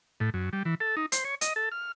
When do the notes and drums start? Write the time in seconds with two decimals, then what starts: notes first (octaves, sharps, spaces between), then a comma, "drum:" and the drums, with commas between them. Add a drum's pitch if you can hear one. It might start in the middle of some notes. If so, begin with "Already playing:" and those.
0.20 A2
0.34 F#2
0.53 G3
0.65 E3
0.80 A4
0.97 D#4
1.12 C5, drum: hi-hat
1.25 C#5
1.41 D#5, drum: hi-hat
1.56 A4
1.72 F6